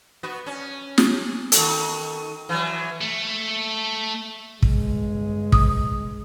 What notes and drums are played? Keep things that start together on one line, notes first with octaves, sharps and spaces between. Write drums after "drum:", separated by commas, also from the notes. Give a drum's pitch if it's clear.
B3 F#4
C#4
drum: snare
D#3 F#4 A4, drum: hi-hat
E3 F#3
A3
G1 G#3, drum: kick
D#6, drum: kick